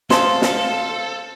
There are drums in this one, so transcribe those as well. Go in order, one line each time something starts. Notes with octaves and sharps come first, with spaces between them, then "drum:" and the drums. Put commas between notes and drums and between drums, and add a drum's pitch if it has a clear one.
C#3 A4 C5 F5 A5 C6, drum: snare
drum: snare